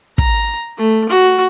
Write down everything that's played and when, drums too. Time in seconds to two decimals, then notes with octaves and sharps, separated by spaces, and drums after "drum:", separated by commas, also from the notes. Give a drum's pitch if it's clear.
0.18 A#5, drum: kick
0.78 A3
1.09 F#4